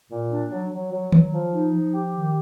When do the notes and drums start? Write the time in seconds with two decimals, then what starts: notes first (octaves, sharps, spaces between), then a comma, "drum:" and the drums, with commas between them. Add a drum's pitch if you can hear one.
0.11 A#2
0.31 D4
0.52 F#3
0.72 F#3
0.92 F#3
1.12 F#3, drum: tom D#3
1.33 F3
1.53 D#4
1.74 F3
1.94 G4
2.14 D#3